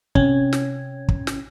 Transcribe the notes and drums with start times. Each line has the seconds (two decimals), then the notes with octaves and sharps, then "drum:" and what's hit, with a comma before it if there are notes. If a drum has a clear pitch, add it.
0.15 C3 C#4, drum: kick
0.53 drum: snare
1.08 drum: kick
1.27 drum: snare